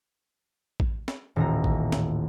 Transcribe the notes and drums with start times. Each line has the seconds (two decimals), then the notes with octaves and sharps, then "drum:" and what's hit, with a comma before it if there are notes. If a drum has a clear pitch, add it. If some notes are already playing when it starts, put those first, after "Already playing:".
0.80 drum: kick A1
1.08 drum: snare
1.36 D#1 A1 A#5
1.64 drum: kick A1
1.92 drum: snare